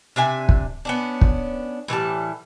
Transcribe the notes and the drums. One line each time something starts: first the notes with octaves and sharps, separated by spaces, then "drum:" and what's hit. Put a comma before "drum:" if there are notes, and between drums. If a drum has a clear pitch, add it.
C3 D4 E5 G#5
drum: kick
B3 C#4 D4
drum: kick
A2 E3 G3 A5